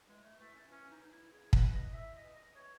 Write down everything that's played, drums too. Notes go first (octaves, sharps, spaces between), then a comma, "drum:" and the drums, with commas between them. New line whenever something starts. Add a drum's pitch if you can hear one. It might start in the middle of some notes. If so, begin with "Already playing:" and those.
E3 G#3
A3
E3 A3
C#4
E3 C#4
D#4
E3 D#4
E4
C#3 G#4
B4, drum: kick
E3
D#5
E3 E5
D#5
E3
D#5
E3 C#5